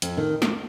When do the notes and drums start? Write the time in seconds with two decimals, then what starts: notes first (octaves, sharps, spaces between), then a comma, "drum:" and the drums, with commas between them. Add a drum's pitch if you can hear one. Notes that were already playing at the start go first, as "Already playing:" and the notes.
0.02 F2, drum: hi-hat
0.17 D#3
0.42 drum: snare